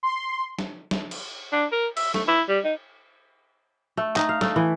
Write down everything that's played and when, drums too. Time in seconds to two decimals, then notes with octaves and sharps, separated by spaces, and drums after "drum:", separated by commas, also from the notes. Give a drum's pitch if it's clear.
0.03 C6
0.59 drum: snare
0.91 drum: snare
1.11 drum: cymbal
1.52 D4
1.72 A#4
1.97 E5, drum: cymbal
2.14 A3, drum: snare
2.28 E4
2.49 G3
2.64 D#4
3.97 A3
4.16 D#4, drum: clap
4.29 F5
4.41 A3, drum: snare
4.56 E3